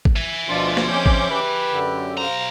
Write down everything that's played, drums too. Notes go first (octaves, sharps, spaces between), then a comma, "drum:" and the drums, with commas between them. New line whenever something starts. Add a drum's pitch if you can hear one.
drum: kick G#1
E5 G#5
D2 B2 F3 D4 F4
drum: snare
G#3 C4 C#4 D6 G6
drum: kick G#1
G4 B4
F#2 D3
B1 C5 F5 A#5